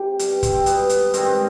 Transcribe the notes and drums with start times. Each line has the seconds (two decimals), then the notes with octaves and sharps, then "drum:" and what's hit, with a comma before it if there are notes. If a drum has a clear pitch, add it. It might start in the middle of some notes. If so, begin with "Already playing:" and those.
Already playing: C3 G4
0.19 B2 G3, drum: hi-hat
0.43 C4, drum: kick, hi-hat
0.54 C4
0.66 B2 G3 B3, drum: hi-hat
0.89 B3, drum: hi-hat
1.14 G#2 D#3 G3 C4, drum: hi-hat
1.25 C4